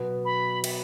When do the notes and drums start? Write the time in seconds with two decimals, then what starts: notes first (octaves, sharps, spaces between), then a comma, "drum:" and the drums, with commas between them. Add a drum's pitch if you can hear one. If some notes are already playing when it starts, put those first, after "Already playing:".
Already playing: B2 F#3 B3 F#4 B4
0.25 B5
0.64 drum: cymbal